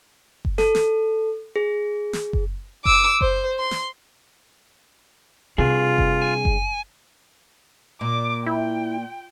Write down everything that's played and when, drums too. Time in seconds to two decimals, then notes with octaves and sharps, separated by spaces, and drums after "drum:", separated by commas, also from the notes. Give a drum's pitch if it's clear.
0.45 drum: kick F#1
0.58 A4, drum: snare
0.75 drum: snare
1.56 G#4
2.13 drum: snare
2.33 drum: kick F#1
2.85 D6 E6, drum: kick F#1
3.21 C5, drum: kick F#1
3.59 C6
3.71 drum: snare
5.58 G2 C3 F4 G#4
5.98 drum: kick F#1
6.22 G#5
6.45 drum: kick F#1
8.01 A#2 D6
8.46 E4 G5